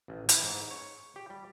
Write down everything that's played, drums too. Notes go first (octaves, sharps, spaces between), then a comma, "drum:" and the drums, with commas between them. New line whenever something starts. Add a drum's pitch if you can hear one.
A1
E4, drum: hi-hat
G#2
C#5
G4
G3